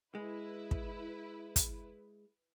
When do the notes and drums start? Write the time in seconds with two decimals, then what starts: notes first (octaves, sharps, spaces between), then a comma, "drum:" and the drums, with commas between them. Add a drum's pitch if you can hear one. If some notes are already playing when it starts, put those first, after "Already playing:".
0.15 G#3 E4 B4
0.71 drum: kick
1.56 drum: kick, hi-hat